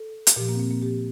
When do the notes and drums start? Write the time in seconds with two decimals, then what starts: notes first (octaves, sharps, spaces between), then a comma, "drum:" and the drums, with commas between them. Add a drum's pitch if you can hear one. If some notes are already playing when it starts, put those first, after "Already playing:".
Already playing: A4
0.27 drum: hi-hat
0.36 A#2 F3 G4
0.49 A#3
0.55 C4
0.60 A#3
0.71 A#3
0.82 A#2 F3 G4